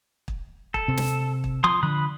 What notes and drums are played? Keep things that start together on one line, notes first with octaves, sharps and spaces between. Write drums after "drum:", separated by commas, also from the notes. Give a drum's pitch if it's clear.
drum: kick
A4, drum: kick
C3 C4
drum: snare
drum: kick
F3 C6 D#6
D3 F3 B5 D#6 F#6